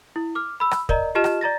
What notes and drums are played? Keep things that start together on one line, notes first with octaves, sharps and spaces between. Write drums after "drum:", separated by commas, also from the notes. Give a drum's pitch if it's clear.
E4
D6 F6
B5 E6
drum: rim click
A#4 D5 D#5 A#5, drum: kick
F4 G4 D#5 A5 F6 E7
drum: rim click
D5 A#5 A6 A#6